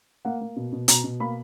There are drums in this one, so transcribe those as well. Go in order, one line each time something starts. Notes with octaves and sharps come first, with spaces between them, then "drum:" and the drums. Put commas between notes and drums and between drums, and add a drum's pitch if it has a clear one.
A#3 F#5
A#3
B2
B2
B2 A#5, drum: hi-hat
B2
A#3 B5